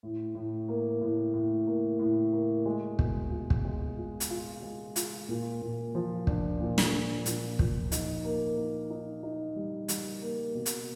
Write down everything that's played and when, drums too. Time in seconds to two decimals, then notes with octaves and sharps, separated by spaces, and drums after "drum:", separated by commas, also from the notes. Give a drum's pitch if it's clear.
0.03 A2
0.35 A2
0.68 A#3
1.01 A2
1.34 A2
1.67 A#3
1.99 A2
2.33 A#3
2.66 G#3
2.99 B2, drum: kick
3.31 F4
3.50 drum: kick
3.65 G#3
3.97 F4
4.20 drum: hi-hat
4.30 F4
4.62 G#3
4.96 F4, drum: hi-hat
5.29 A#2
5.62 A#2
5.95 F3
6.27 D4, drum: kick
6.60 A#2
6.78 drum: snare
6.93 D4
7.26 A#2, drum: hi-hat
7.59 F3, drum: kick
7.92 D#4, drum: hi-hat
8.24 A#3
8.57 D#4
8.90 D#4
9.23 D#4
9.56 G3
9.88 G3, drum: hi-hat
10.22 A#3
10.55 B2
10.66 drum: hi-hat